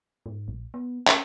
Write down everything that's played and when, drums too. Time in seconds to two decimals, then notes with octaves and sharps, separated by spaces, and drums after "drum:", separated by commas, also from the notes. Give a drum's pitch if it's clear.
0.26 G#2
0.48 A#1
0.74 B3
1.07 C#4, drum: clap